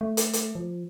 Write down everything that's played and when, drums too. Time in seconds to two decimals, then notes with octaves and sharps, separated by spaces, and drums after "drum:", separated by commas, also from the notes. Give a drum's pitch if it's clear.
0.01 A3
0.17 drum: hi-hat
0.33 drum: hi-hat
0.55 F3